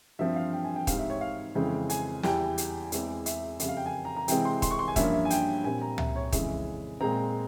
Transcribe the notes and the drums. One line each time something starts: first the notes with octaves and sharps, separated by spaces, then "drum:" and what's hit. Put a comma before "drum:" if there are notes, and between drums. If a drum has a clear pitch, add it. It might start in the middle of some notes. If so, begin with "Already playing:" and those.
G2 F3 C4 E5
F5
G5
G#5
G5
G#2 G3 C4 F5, drum: kick D#1, hi-hat
E5
C#5
F5
F2 C#3 E3 G#3 C4
G#5, drum: hi-hat
E2 E3 G3 G5, drum: snare
drum: hi-hat
E2 E3 G#3 C4, drum: hi-hat
E5, drum: hi-hat
F2 C#3 G3 E5, drum: hi-hat
F5
G5
G#5
A#5
A#5
C3 E3 G#3 C4 G5, drum: hi-hat
C6
C6, drum: kick D#1, hi-hat
C#6
C6
G#5
G2 F3 A#3 C#4 E5, drum: kick D#1, hi-hat
E5
G#5
G5, drum: hi-hat
A#2 G3 C4 G#5
A#5
E5, drum: tom C#2
C#5
F2 C#3 E3 G#3 C#4 E5, drum: kick D#1, hi-hat
A#2 G#3 C4 A#5